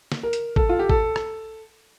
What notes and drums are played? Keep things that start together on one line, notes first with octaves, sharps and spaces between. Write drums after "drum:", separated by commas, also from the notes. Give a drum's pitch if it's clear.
drum: snare
A#4
drum: hi-hat
A4, drum: kick
F4
G4
A4, drum: kick
drum: rim click